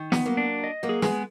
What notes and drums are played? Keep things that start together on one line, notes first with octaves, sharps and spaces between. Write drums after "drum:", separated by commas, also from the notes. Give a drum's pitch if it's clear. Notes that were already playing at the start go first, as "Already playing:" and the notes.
Already playing: D#3
B3, drum: snare
F#3 A#3
D4
D#5
F#3 A#3
G#4
G#3 B3, drum: snare